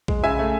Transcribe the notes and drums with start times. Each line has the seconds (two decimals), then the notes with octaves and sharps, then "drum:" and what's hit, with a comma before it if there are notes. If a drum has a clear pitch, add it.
0.08 G#3, drum: kick A#1
0.24 C#3 E5 G#5
0.39 A3